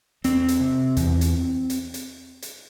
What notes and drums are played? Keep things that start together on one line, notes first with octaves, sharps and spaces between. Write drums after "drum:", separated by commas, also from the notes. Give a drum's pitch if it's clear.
E2 C4, drum: hi-hat
drum: hi-hat
C3
E2, drum: hi-hat
drum: hi-hat
drum: hi-hat
drum: hi-hat
drum: hi-hat